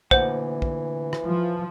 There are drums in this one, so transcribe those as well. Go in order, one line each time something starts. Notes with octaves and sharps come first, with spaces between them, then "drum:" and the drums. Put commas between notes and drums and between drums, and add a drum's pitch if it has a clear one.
D2 A#2 E3 C5 F#5, drum: kick
drum: kick
drum: rim click
F3